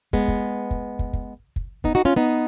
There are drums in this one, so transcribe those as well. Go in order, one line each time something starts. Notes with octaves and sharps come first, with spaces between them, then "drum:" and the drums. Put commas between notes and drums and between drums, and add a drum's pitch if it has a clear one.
G#3 B3, drum: kick
drum: kick
drum: kick
drum: kick
drum: kick
drum: kick
B3 D#4, drum: kick
D#4 F#4
C#4 F4
B3 D#4